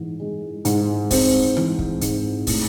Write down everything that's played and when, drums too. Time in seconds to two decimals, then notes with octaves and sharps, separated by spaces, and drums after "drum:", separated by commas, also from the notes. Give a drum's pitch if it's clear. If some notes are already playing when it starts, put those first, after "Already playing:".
Already playing: G#2 E3
0.20 G#3
0.65 G#2, drum: hi-hat
1.11 C4, drum: kick, open hi-hat
1.57 E3, drum: rim click
1.79 drum: kick
2.01 G#2, drum: hi-hat
2.47 A2, drum: kick, open hi-hat